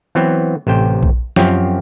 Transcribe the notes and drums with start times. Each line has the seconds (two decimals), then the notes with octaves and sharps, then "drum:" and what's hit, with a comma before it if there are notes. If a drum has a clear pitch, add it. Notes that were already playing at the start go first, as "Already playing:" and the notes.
0.15 E3 F#3 B3 C4
0.67 A1 C3 C5 G5
1.03 drum: kick A#1
1.36 F#2 F3 C4 G4 C#5, drum: snare